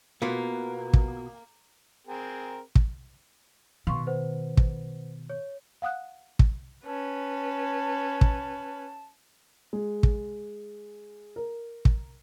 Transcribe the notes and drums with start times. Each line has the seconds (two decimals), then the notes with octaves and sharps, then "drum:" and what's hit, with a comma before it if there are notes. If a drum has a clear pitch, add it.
0.22 B2 A#3 B3 F4
0.93 drum: kick
2.07 C4 G#4 A#4
2.75 drum: kick
3.87 B2 D#3 F5 C6 C#6
4.07 B4 C5 F#5
4.57 drum: kick
5.30 C#5
5.82 F5 F#5 D#6 F#6
6.39 drum: kick
6.85 C#4 B4 A5
8.21 drum: kick
9.73 G#3
10.03 drum: kick
11.36 A#4
11.85 drum: kick